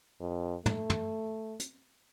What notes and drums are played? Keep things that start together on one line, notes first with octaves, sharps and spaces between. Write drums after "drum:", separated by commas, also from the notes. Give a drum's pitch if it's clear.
F2
A3, drum: tom
drum: tom
drum: hi-hat